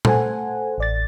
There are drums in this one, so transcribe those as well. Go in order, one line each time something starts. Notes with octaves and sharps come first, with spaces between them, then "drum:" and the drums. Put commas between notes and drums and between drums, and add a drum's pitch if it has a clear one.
A3 A4 C5 F#5 G#5, drum: tom A#2
A1 D5 A6